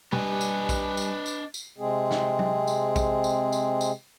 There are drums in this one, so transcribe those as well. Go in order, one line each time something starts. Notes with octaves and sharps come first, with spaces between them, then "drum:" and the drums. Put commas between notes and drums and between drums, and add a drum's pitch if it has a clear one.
G3 D4 B4 D#5 G#5, drum: tom
drum: tambourine
drum: kick A#1, tambourine
drum: tambourine
drum: tambourine
drum: tambourine
C3 G#3 C4 G#4
drum: snare
drum: tom
drum: tambourine
drum: kick A#1, tambourine
drum: tambourine
drum: tambourine
drum: tambourine